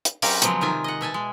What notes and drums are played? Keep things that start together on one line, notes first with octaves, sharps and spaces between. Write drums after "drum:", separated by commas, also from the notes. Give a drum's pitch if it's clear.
drum: hi-hat
F#3 C4 C#4 G4 A#4, drum: open hi-hat
C#3 F3 F#3 G#3 B3 C4, drum: hi-hat
C3 D#3 D#4 F4 E5 G#5
D#5 F#5
B2 E5 G#5 A5
G#3